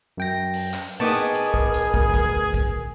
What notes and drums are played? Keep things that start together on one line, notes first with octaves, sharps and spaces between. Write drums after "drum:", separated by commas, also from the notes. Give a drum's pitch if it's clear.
F#2 G5 A#6
drum: open hi-hat
drum: clap
B3 D#4 G4 G#4 A#4 A5 C#6 D6
drum: hi-hat
drum: kick
drum: hi-hat
D2, drum: kick
drum: kick, hi-hat
drum: kick, hi-hat